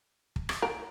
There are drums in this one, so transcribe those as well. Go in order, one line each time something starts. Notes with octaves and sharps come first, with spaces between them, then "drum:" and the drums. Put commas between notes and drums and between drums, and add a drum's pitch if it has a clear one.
drum: kick
drum: rim click
A#4